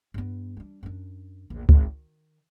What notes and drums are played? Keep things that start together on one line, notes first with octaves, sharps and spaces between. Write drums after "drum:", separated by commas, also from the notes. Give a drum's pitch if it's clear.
G2 B3
G3 D4
F#2 D4
A#1 E2
G#1, drum: kick C#2
D#3